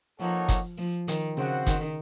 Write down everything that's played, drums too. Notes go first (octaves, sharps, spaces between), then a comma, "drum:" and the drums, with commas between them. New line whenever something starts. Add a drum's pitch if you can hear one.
F3 A#3 D#4 A4 C#5 F#5
drum: kick F#1, hi-hat
F3
D#3, drum: hi-hat
C#3 C4 F#4 C5 F#5
D#3, drum: kick F#1, hi-hat